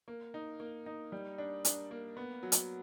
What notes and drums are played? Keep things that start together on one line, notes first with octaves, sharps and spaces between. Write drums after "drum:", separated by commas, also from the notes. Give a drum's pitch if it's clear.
A#3
D#4
A#3
D#4
G3
D4
D4, drum: hi-hat
A#3
B3
F#3
drum: hi-hat